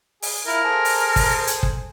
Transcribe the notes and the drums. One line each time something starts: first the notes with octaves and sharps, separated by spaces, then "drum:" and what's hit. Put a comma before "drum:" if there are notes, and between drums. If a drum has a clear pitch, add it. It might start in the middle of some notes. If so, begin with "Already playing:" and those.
G#4, drum: open hi-hat
E4 F4 A#4
G#4 A4 C5
drum: open hi-hat
drum: kick, open hi-hat
drum: hi-hat
drum: kick